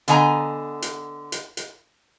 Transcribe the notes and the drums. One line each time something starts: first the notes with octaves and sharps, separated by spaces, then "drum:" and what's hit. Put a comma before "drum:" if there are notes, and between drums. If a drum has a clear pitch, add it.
D3 B3 D#5 G#5 A#5, drum: hi-hat
drum: hi-hat
drum: hi-hat
drum: hi-hat